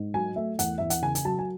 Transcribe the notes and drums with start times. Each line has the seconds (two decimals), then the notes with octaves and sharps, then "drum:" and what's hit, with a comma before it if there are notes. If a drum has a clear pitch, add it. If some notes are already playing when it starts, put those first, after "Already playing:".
Already playing: G#2
0.14 F#3 G#5
0.36 A3 E5
0.59 E2 F#5, drum: hi-hat
0.78 E2 E5
0.90 F#5, drum: hi-hat
1.02 C#3 G#5
1.15 G#5, drum: hi-hat
1.25 F#3 A5
1.39 G#5